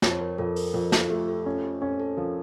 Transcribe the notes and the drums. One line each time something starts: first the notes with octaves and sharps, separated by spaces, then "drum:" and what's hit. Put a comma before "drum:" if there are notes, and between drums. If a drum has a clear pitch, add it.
F2 C#5, drum: snare
A#4
F2 A4
A#4, drum: open hi-hat
F2 A4
F4, drum: snare
A3 G4
A4
C#4 F4
G4
C#4 A4
A4
F3 A#4